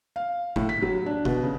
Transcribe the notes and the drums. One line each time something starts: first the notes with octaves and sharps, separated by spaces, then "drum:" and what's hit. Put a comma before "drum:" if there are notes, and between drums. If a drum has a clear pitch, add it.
F5
A2, drum: kick G1
B6
F#3
D4
B2, drum: kick G1
C#3